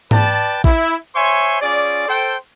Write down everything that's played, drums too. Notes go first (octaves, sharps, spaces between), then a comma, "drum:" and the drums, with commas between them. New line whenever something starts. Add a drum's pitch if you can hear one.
B4 D5 G5 A5, drum: tom G#2
E4, drum: kick A1
C5 C#5 E5 G#5 C6 C#6
C#4 F4 G#4 D5
A4 C5 G5